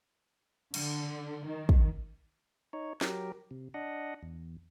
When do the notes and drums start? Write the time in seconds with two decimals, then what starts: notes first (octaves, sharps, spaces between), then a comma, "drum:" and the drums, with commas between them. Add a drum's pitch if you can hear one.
0.74 D3, drum: cymbal
1.45 D#3
1.69 drum: kick
2.73 D#4 C#5
3.01 F#3 G4 A#4, drum: snare
3.51 C3
3.74 D4 D#5 F#5
4.23 E2